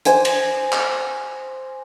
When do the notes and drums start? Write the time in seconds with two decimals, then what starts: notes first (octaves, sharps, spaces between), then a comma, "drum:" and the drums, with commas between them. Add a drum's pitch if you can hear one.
0.05 C5 G#5 D6, drum: hi-hat
0.25 drum: cymbal
0.72 drum: clap